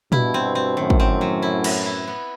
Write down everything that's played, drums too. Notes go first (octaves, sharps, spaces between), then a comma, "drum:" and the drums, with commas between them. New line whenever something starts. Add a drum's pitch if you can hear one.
G2 B2 E4, drum: tom A#2
C4
C4
F#2 A2 D#3
drum: kick
C4
F#3
E4
B3, drum: cymbal
E4
B3